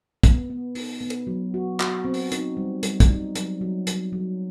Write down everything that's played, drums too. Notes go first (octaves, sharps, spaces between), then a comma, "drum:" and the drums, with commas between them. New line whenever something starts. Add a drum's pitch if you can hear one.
B3, drum: kick, hi-hat
B3
D#4, drum: open hi-hat
B3
drum: hi-hat
F#3
F#4
F#4, drum: clap
C4
drum: open hi-hat
D#4, drum: hi-hat
G3
G3, drum: hi-hat
drum: kick, hi-hat
D#4
F#3, drum: hi-hat
F#3
F#3, drum: hi-hat
F#3